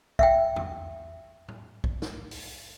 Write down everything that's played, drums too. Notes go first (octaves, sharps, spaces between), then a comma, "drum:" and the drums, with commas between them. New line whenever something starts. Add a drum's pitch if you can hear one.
E5 F#5 G5, drum: kick A#1
drum: tom E2
drum: tom
drum: kick A#1
drum: snare
drum: open hi-hat